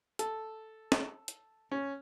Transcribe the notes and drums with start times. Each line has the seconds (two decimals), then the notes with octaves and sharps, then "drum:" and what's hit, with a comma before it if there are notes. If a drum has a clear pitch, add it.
0.19 A4, drum: hi-hat
0.92 drum: snare
1.28 drum: hi-hat
1.72 C#4